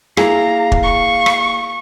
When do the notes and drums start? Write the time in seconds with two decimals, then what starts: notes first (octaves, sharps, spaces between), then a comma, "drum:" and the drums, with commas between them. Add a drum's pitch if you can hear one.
0.17 A#3 E4 G#4 F5 A#5, drum: rim click
0.72 drum: kick
0.83 C#6
1.26 drum: rim click